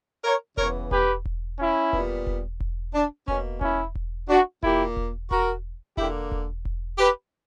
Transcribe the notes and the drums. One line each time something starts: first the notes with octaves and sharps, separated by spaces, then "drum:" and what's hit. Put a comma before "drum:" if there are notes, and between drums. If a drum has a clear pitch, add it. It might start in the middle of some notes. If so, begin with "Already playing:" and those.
A#4 C#5
C#3 E3 B3 A#4 C#5, drum: kick E1
G4 B4, drum: kick E1
drum: kick E1
C#4 E4
A#2 G3 B3, drum: kick E1
drum: kick E1
drum: kick E1
D4
B2 A#3 C#4, drum: kick E1
C#4 E4, drum: kick E1
drum: kick E1
D4 F#4
A#2 A#3 E4 G4, drum: kick E1
drum: kick E1
F#4 A#4, drum: kick E1
D3 A#3 E4 G4, drum: kick E1
drum: kick E1
drum: kick E1
G4 B4